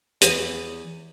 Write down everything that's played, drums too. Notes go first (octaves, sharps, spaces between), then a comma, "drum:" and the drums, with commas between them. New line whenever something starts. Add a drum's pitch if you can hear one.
E2, drum: hi-hat